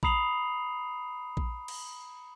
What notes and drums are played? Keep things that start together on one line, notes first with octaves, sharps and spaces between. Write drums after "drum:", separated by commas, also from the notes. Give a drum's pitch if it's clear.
A#5 B5 D#6 C7 F7 F#7, drum: kick A#1
drum: kick A#1
drum: cymbal